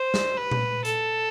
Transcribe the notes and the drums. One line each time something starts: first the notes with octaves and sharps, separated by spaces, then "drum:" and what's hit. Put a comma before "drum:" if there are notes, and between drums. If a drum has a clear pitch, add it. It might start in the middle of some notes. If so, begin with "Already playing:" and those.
Already playing: C5
drum: snare
B4
drum: tom A#2
A4, drum: hi-hat